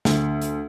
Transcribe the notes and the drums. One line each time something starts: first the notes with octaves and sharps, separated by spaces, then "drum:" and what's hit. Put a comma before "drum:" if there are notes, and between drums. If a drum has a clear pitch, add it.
D2, drum: snare
drum: hi-hat